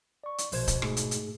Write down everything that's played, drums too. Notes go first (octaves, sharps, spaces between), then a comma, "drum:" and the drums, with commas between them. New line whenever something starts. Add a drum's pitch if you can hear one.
D5 C#6
drum: hi-hat
A#1 B2 C5 G#6, drum: open hi-hat
drum: kick D1, hi-hat
G#2 A3 G#4, drum: rim click
drum: hi-hat
drum: hi-hat